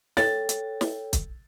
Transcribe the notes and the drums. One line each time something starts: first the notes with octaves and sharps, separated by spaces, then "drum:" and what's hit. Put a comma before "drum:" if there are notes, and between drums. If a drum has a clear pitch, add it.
A4 C#5 G5 A6, drum: snare
drum: hi-hat
drum: snare
drum: kick, hi-hat